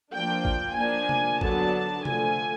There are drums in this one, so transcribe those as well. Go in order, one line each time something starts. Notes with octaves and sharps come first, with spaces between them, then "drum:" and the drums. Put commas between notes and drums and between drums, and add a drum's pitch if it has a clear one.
F3 A#3 D4 G5
drum: kick G#1
F3 A#3 D4 G#5
drum: tom C3
D3 F#3 B3 D4 A5, drum: kick G#1
D3 F3 A3 G#5, drum: tom C3